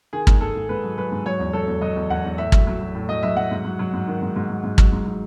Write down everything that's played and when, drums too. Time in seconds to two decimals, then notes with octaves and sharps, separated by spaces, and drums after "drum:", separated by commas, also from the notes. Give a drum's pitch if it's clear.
0.13 D#3 G#4
0.27 G#2, drum: kick
0.41 G#2 A4
0.56 G#2
0.69 G#2 B4
0.84 F#3
0.97 F#3 B4
1.11 G#2
1.26 F#3 C#5
1.39 E2
1.53 F#3 A4
1.67 E2
1.81 F#3 D#5
1.96 E2
2.10 E2 F#5
2.24 E2
2.38 A2 E5
2.52 F#3, drum: kick
2.67 F#3
2.80 F#3
2.95 A2
3.09 F#3 D#5
3.23 F#3 E5
3.36 F#3 F#5
3.51 G#2
3.65 F#3
3.79 F#3
3.93 G#2
4.08 D#3
4.22 G#2
4.36 G#2
4.49 F#3
4.64 G#2
4.78 F#3, drum: kick
4.92 G#2
5.06 F#3